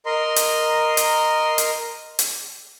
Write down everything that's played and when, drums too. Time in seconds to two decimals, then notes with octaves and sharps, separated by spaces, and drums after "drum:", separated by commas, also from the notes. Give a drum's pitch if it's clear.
0.06 A#4 D#5 A#5 C6
0.36 drum: hi-hat
0.97 drum: hi-hat
1.58 drum: hi-hat
2.19 drum: hi-hat